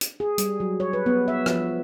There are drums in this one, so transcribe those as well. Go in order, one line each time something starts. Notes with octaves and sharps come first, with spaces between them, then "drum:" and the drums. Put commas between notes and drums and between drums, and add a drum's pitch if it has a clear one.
drum: hi-hat
G#4
G3, drum: hi-hat
F#3
C#5
B4
B3
E5
F3, drum: rim click